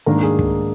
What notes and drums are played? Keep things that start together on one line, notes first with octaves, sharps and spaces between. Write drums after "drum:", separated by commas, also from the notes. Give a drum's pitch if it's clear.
G#2 D#3 A#3 D4 A#4
G#4
drum: kick